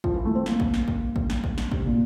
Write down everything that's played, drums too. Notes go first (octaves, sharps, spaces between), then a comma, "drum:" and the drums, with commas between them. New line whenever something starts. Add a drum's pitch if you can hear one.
F3, drum: kick A1
E3
A3
C4
A#3, drum: snare
drum: kick A1
drum: snare
drum: kick A1
drum: kick A1
drum: snare
drum: kick A1
drum: snare
C3, drum: kick A1
A#2